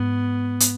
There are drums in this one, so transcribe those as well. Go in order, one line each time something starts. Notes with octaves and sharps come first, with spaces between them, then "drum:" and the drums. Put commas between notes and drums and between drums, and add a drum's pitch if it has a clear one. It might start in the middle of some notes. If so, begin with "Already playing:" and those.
Already playing: G#2 B3
drum: hi-hat